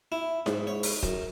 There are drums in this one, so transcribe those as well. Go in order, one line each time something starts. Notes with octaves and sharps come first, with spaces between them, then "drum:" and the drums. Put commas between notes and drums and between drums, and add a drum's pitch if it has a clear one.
E4
G#2, drum: snare E4
C#5
drum: open hi-hat
F#2, drum: kick